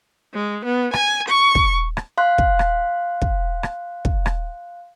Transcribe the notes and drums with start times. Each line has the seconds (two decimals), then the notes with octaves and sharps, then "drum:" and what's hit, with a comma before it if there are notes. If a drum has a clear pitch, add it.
0.34 G#3
0.65 B3
0.93 G#5, drum: rim click
1.28 C#6
1.55 drum: kick
1.97 drum: rim click
2.18 F5 C6 F#6
2.38 drum: kick
2.59 drum: rim click
3.22 drum: kick
3.63 drum: rim click
4.05 drum: kick
4.26 drum: rim click